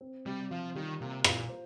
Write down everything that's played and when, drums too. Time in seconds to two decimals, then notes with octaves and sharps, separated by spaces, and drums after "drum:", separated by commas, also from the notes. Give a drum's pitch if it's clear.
0.01 C4
0.26 C3 G3
0.50 F3 F4
0.75 D#3 G3
1.01 C3 A#3
1.24 A#2 F4, drum: rim click
1.49 C5